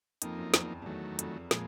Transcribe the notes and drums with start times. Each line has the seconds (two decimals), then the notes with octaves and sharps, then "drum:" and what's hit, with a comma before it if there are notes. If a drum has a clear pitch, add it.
0.22 F2 F3 A#3 D#4, drum: hi-hat
0.38 F#2
0.54 E2, drum: snare
0.82 E2 D#3 F#3 A3
1.19 F2, drum: hi-hat
1.51 A#2 F3 G#3, drum: snare